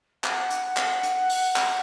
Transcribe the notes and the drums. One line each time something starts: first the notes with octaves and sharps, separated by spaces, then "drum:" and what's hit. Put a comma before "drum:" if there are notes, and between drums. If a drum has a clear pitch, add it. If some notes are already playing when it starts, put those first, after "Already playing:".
F#5, drum: clap
drum: hi-hat
drum: clap
drum: hi-hat
drum: open hi-hat
drum: clap